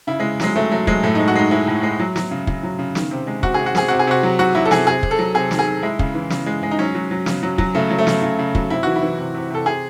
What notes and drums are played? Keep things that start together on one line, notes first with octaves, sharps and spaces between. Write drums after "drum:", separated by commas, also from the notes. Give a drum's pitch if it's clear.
C#3 E4
C#3 G#3
F#3 G#3, drum: snare
F#3 A3
F#3 A3
F#3 G#3, drum: kick
A2 A3
G#3 D#4
F#4
G#3 D#4
G#3 E4
A2
G#3
F#3
F#3, drum: snare
C#3
C#3, drum: kick
F#3
C#3
D#3, drum: snare
C3
G#3
C3 F#4, drum: kick
C3 G#4
F#4
C3 G#4, drum: snare
C3 F#4
G#4
C3 F#4
F#3
F#3 F#4
F#3 E4
A4
C3 G#4, drum: snare
C3 G#4
C3, drum: kick
A4
F#3
C3 G#4
D#3, drum: snare
G#4
D#3
G#3 E4
C#3, drum: kick
E3
C#3, drum: snare
G#3
G#3
D#4
F#3 C#4
F#3
F#3
C#3, drum: snare
F#3
F#3, drum: kick
C#3 A3
F#3
A3
C#3, drum: snare
C#3
C#3
F#3, drum: kick
C3 E4
E3 F#4
E4
E3
C3
C3
C3 A4
C3 G#4